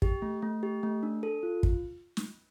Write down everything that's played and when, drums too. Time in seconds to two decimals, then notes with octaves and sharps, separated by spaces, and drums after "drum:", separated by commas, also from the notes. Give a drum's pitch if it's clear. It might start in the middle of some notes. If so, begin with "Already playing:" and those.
0.02 G4, drum: kick
0.22 A3
0.42 A3
0.63 G4
0.83 A3
1.03 D4
1.23 A4
1.43 F4
1.63 drum: kick
2.17 drum: snare